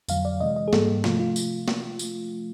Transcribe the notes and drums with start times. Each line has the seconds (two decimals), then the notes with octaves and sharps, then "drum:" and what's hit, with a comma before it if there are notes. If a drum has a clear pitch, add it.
0.08 F2 D3 F#3 F5, drum: tambourine
0.25 D5
0.40 C3 E3 G#3 D#5
0.56 D#5
0.68 G#4
0.73 G#2 E3 G3 A#3 A4, drum: snare
1.04 C3 F3 A3 F4, drum: snare
1.20 F4
1.36 drum: tambourine
1.68 drum: snare
1.99 drum: tambourine